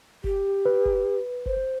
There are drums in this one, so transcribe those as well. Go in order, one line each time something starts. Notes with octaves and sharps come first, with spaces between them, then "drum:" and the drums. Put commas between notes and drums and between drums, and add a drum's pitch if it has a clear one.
G4, drum: kick F#1
B4
drum: kick F#1
C5, drum: kick F#1